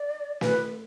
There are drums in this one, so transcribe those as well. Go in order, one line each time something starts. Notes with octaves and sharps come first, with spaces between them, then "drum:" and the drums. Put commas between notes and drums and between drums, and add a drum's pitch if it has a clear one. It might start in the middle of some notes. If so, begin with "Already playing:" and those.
Already playing: D5
B4, drum: snare